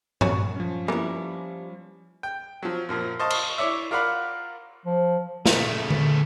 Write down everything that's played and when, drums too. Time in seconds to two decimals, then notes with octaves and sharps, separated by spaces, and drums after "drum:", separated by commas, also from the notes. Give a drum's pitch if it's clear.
0.21 F#4 C#5, drum: tom G2
0.56 F3 C#4
0.88 G3 A#3 B3 E4
2.23 G5
2.63 F3 F#3
2.89 F#2 A#2 F3
3.19 C5 D#5 F5 A5 C#6
3.30 drum: cymbal
3.58 E4 C#5 D5 E5
3.91 F4 A#4 D5 F5 F#5 B5
4.86 F3
5.46 C#3 A3, drum: snare
5.90 drum: tom D3